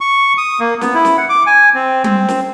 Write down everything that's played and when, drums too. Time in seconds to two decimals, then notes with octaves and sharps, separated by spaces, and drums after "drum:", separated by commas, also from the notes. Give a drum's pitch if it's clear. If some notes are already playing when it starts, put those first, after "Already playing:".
0.01 C#6
0.38 D#6
0.60 A#3
0.81 B3, drum: snare
0.94 E4
1.05 drum: snare
1.18 F#5
1.29 D6
1.46 G#5
1.74 C4
2.04 C4, drum: tom G3
2.29 drum: snare